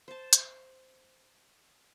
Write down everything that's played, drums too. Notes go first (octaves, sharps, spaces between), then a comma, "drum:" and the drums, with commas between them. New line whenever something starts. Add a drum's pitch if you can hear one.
C5 A5
drum: hi-hat